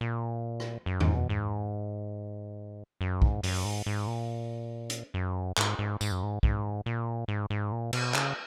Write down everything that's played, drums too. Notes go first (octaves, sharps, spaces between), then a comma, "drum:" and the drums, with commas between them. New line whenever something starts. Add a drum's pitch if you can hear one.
A#2
drum: rim click
F#2
G#2, drum: tom E2
B2
G#2
F#2
G#2, drum: kick
F#2, drum: open hi-hat
G#2
G#2
A#2
drum: hi-hat
F#2
G#2, drum: clap
G#2
G#2, drum: tambourine
F#2
G#2
G#2, drum: kick
A#2
G#2
G#2
A#2
B2, drum: cymbal
C#3, drum: clap